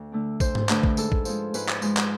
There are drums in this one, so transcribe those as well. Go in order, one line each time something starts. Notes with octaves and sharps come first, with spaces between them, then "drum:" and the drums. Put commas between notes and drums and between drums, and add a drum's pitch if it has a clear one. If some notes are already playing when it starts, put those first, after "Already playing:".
Already playing: D2
D3 A3 D4
D2 C5, drum: kick, tambourine
drum: tom G#2
D3 A3 D4 B4, drum: clap
drum: kick
G#2 A4, drum: tambourine
drum: kick
F3 G#3, drum: tambourine
G#2 B4, drum: tambourine
drum: clap
F3 G#3, drum: tambourine
drum: clap